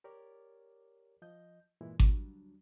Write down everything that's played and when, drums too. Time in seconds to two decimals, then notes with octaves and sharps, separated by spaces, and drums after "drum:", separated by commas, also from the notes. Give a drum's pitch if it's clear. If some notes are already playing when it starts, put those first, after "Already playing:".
0.04 G4 A#4 C#5 D5
1.22 F3 D#5 G6
1.81 G2 A#2 E3 G#3 E4
1.99 D2 F#3 G3 D4, drum: kick G#1